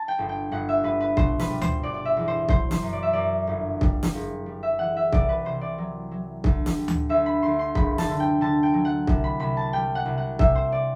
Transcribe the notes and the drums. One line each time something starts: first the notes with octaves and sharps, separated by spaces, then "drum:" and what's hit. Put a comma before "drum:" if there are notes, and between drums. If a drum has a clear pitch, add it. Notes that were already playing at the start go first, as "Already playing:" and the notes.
Already playing: A5
G5
G1
G5
G1 F#5
E5
G2 B4
B4
B2 C5, drum: kick
B4, drum: snare
G3
C5, drum: tom D2
B2 D5
D5
E5
E2
C5
F#3 C5, drum: kick
C5, drum: snare
F#2
D5
E5
F#2 D5
G1
G3, drum: kick
drum: snare
F#1
G3
E5
E3 F#5
E5
C2 D5, drum: kick
B4
C2 C5
D5
F#3
F#3
D2, drum: kick
drum: snare
G3
drum: tom D2
D2 E5
B5
D2 C6
C6
F#1 B5, drum: kick
A5, drum: snare
D3
G5
D3 A5
G5
F#3
F#5
C2, drum: kick
B5
C2 B5
A5
G3 G5
F#5
C2
F#5
C3 E5, drum: kick
C5
D5